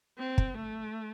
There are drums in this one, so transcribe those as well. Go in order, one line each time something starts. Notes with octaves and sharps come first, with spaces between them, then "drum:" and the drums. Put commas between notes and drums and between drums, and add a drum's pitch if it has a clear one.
C4
drum: kick
A3